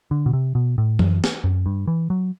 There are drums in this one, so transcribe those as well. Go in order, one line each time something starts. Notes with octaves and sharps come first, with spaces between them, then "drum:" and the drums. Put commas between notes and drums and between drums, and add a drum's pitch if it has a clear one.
D3
B2
C3
B2
A2
F#2, drum: tom E3
drum: snare
F#2
G2
E3
F#3